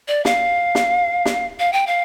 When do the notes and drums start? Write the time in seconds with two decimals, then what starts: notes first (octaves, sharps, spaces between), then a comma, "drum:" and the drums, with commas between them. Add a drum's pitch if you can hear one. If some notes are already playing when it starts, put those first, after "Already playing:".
0.08 D5
0.25 F5, drum: snare
0.75 drum: snare
1.25 drum: snare
1.60 F5
1.73 G5
1.87 F5